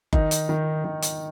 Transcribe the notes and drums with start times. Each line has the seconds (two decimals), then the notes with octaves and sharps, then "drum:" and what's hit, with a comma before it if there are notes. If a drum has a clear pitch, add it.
0.13 D#3 D#4, drum: kick F#1
0.31 drum: hi-hat
0.49 D#3
0.85 D#3
1.02 drum: hi-hat